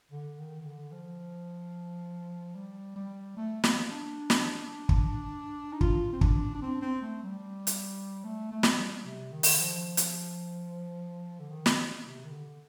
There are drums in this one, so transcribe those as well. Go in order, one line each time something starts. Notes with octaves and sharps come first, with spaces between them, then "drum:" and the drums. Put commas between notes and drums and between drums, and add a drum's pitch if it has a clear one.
D3
D#3
D#3
D3
F3
G3
G3
A3
A#3, drum: snare
D4
drum: snare
drum: kick
D#4
F4, drum: kick
C4
D4, drum: kick
D4
C4
C4
A3
G3
drum: hi-hat
A3
A3
drum: snare
G3
C3
D#3
drum: open hi-hat
D#3
F3
drum: hi-hat
D3
D#3
drum: snare
C3
D#3
D3